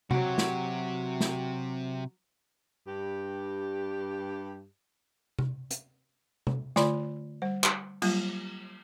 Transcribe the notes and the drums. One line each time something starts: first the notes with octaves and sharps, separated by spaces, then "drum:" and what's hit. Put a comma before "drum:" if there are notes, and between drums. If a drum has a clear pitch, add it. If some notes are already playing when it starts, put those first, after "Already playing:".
C3 F#3 F#4 G4, drum: tom C3
drum: snare
drum: snare
G2 G4
drum: tom C3
drum: hi-hat
drum: tom C3
D3 A3 F4 D5 B5 C6, drum: snare
G3 C5
drum: clap
F#3 G3 A#3 F4, drum: cymbal